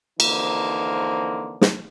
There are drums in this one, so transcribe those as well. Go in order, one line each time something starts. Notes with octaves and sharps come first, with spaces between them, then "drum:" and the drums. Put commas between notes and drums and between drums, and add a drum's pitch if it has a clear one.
F2 D3 E3 A#3 D#4 C5, drum: cymbal
drum: snare